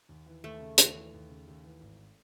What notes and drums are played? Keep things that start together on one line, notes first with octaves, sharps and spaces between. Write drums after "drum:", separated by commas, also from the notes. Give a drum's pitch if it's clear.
D#2
E3
D#2 A3
C#3
D#2, drum: hi-hat
E3
D#2
C#3
D#2
E3
G#1